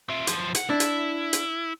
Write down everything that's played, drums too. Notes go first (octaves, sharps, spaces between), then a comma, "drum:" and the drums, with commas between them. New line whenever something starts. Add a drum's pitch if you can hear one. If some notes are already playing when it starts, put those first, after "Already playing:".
F4 E5
F#2 F3, drum: hi-hat
C#2 F#5, drum: hi-hat
D4 E4
drum: hi-hat
drum: hi-hat